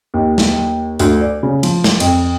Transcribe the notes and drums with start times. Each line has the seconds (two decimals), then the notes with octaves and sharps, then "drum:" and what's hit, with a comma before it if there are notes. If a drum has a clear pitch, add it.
0.14 D#2
0.38 drum: snare
0.99 D2, drum: hi-hat
1.21 D5
1.43 C#3
1.63 F3, drum: cymbal
1.84 drum: snare
2.00 F2, drum: cymbal